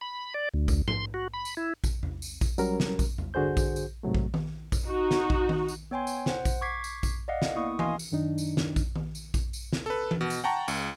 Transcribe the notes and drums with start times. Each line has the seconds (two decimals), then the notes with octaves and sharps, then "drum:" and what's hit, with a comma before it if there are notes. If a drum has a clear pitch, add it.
0.01 B5
0.34 D5
0.54 D2
0.68 drum: kick A#1, tambourine
0.88 C6, drum: tom G#2
1.14 F#4
1.34 B5
1.45 drum: tambourine
1.57 E4
1.84 drum: kick A#1, tambourine
2.03 drum: tom E2
2.22 drum: tambourine
2.41 drum: kick A#1, tambourine
2.58 F#3 G3 C#4 A#4, drum: tambourine
2.80 drum: snare
2.99 drum: kick A#1, tambourine
3.18 drum: tom E2
3.34 G2 D3 F#4 G#4 C5 G6
3.57 drum: kick A#1, tambourine
3.76 drum: tambourine
4.03 G#2 C3 F#3 A3
4.15 drum: kick A#1
4.34 drum: tom D#3
4.72 drum: kick A#1, tambourine
4.86 D#4 F#4
5.11 drum: snare
5.30 drum: kick A#1
5.49 drum: tom D#3
5.68 drum: tambourine
5.91 B3 C#5 G5 G#5 C6
6.07 drum: tambourine
6.26 C5 F#5, drum: snare
6.45 drum: kick A#1, tambourine
6.61 C#6 D6 G#6 B6 C7
6.84 drum: tambourine
7.03 drum: kick A#1, tambourine
7.28 D5 D#5 F5 F#5
7.42 drum: snare
7.55 A#3 B3 E4 C#6 D#6
7.79 D#5 F5 G#5 C6 D#6, drum: tom E3
7.99 drum: tambourine
8.12 F#2 D#3 D4 D#4
8.38 drum: tambourine
8.57 drum: snare
8.76 drum: kick A#1, tambourine
8.96 drum: tom D#3
9.15 drum: tambourine
9.34 drum: kick A#1, tambourine
9.53 drum: tambourine
9.73 drum: snare
9.86 A4 B4
10.11 drum: tom E3
10.21 B2
10.30 drum: tambourine
10.44 F#5 G5 A5 A#5 C#6
10.68 C#2, drum: tambourine